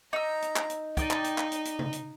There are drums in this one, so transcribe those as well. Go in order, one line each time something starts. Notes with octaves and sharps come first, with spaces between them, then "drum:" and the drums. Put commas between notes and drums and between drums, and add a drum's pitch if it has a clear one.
D#4 A#5 E6
drum: hi-hat
drum: clap
drum: hi-hat
D#4 D5 D#5 G5, drum: kick, hi-hat
drum: clap
drum: hi-hat
drum: clap
drum: hi-hat
drum: hi-hat
drum: tom C3
drum: hi-hat